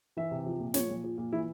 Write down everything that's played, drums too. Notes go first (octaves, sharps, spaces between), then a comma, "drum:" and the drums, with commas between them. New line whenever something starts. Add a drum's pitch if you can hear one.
E3 E5
C3
F3
A#2
F3 C#5, drum: snare
A#2
F3
A#2
E3 E4